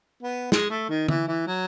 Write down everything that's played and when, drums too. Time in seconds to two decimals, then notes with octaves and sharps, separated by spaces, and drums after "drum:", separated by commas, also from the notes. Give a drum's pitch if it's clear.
0.23 B3
0.52 G#3, drum: snare
0.70 A3
0.90 D#3
1.08 E3, drum: tom
1.28 E3
1.47 F#3